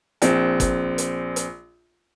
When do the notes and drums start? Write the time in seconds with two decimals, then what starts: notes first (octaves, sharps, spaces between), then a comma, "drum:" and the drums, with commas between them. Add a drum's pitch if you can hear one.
0.22 A#1 C4, drum: hi-hat
0.60 drum: kick, hi-hat
0.98 drum: hi-hat
1.36 drum: hi-hat